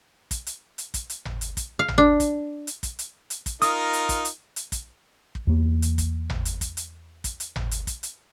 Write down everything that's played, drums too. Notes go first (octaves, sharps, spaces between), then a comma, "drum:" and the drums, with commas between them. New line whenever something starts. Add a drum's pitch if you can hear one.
drum: kick, hi-hat
drum: hi-hat
drum: hi-hat
drum: kick, hi-hat
drum: hi-hat
drum: tom G#1
drum: hi-hat
drum: kick, hi-hat
F5
drum: tom G#1
D4
drum: kick, hi-hat
drum: hi-hat
drum: kick, hi-hat
drum: hi-hat
drum: hi-hat
drum: kick, hi-hat
D#4 F4 A#4 D#6, drum: hi-hat
drum: hi-hat
drum: kick, hi-hat
drum: hi-hat
drum: hi-hat
drum: kick, hi-hat
drum: kick
E2 A#3
drum: hi-hat
drum: kick, hi-hat
drum: tom G#1
drum: hi-hat
drum: kick, hi-hat
drum: hi-hat
drum: kick, hi-hat
drum: hi-hat
drum: tom G#1
drum: hi-hat
drum: kick, hi-hat
drum: hi-hat